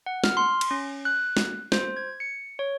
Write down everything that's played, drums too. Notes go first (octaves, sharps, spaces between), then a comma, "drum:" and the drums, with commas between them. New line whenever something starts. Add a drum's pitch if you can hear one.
F#5
F6, drum: snare
C6
drum: cymbal
C#4
F#6
drum: snare
C5, drum: snare
G#6
C#7
C#5